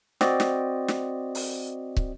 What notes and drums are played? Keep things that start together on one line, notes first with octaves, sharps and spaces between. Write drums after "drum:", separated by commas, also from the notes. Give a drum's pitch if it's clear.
C4 F#4 D5 D#5, drum: snare
drum: snare
drum: snare
drum: open hi-hat
drum: kick